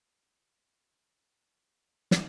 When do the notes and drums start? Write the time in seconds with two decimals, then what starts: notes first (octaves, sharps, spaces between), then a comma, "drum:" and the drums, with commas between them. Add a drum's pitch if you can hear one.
0.12 F2 B2 G4
0.32 E7
1.07 D#4
1.45 A#4 D6
1.75 G4
2.11 drum: snare